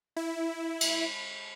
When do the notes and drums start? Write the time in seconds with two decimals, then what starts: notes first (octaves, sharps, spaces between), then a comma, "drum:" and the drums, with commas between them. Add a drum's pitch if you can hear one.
0.16 E4
0.81 drum: cymbal